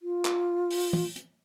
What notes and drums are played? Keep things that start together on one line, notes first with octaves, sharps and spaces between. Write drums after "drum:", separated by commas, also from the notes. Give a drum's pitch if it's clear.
F4
drum: clap
drum: open hi-hat
drum: tom
drum: hi-hat